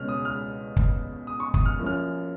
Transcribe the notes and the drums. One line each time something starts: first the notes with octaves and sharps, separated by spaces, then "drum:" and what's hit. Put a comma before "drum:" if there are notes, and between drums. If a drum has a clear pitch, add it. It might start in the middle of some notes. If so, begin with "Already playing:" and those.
Already playing: C#2 B2 G#3 C#4 F6
D#6
F6
drum: kick
D#6
C#6
D#6, drum: kick
F6
F#2 F3 A#3 C#4
F6